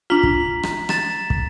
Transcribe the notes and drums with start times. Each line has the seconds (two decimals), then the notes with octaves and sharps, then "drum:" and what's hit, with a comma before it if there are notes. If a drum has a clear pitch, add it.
0.10 D4 F4 A#5 B6 F#7
0.23 drum: kick
0.63 drum: rim click
0.89 A6 E7, drum: rim click
1.30 drum: kick